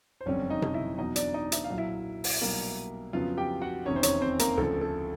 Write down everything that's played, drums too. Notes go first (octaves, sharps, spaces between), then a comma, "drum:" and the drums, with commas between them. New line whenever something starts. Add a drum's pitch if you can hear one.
C5
F#1 F2 D3 G3 C4 C#4 C#5
D#4 D#5
drum: tom C3
E4 E5
E2 B2 F#3 D#4 D#5
D4 D5, drum: hi-hat
D#4 D#5
E5, drum: hi-hat
F5
B1 A#2 F#3
E4 E5
drum: open hi-hat
B1 B2 G3 A#3
F2 C#3 F#3 B3 F4 F5
G4 G5
F#4 F#5
F1 E2 C3 D#3 C#4 C#5
C5
C#4 C#5, drum: hi-hat
C4 C5
A#3 A#4, drum: hi-hat
D2 C#3 F3 A3 A4
A3 A4